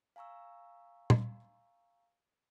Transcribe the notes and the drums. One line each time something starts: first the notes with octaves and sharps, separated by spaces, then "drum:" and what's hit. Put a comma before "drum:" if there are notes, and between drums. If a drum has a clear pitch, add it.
F5 G#5 A#5 C#6 E6
drum: tom